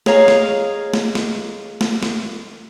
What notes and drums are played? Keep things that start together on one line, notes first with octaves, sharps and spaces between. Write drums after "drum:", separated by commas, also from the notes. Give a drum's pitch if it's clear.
G#4 C#5 D#5 F5 A#5, drum: snare
drum: snare
drum: snare
drum: snare
drum: snare
drum: snare